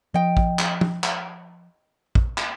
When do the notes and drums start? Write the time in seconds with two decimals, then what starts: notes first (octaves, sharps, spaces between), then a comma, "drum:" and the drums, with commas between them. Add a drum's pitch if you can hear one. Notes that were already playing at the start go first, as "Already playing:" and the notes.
0.14 F3 D#5 G5
0.37 drum: kick
0.59 drum: clap
0.81 drum: tom
1.04 drum: clap
2.15 drum: kick
2.38 drum: clap